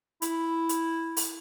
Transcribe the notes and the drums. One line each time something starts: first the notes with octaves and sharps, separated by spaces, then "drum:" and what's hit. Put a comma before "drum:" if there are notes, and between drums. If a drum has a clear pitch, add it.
E4, drum: hi-hat
drum: hi-hat
drum: open hi-hat